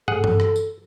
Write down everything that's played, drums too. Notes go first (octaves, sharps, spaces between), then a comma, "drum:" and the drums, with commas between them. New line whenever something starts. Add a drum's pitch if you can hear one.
G#4 A4 F#5, drum: tom
drum: tom G2
drum: rim click
drum: tambourine